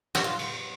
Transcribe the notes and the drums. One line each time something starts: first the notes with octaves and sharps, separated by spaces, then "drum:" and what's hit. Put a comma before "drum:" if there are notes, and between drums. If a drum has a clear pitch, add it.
F#4, drum: snare
F4
drum: cymbal